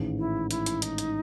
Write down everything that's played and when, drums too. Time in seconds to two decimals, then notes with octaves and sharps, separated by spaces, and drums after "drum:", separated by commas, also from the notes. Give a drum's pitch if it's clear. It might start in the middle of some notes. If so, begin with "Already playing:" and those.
Already playing: A1 G#2 D#3 G#3
0.19 E4
0.51 E4, drum: hi-hat
0.66 drum: hi-hat
0.82 D#4, drum: hi-hat
0.98 drum: hi-hat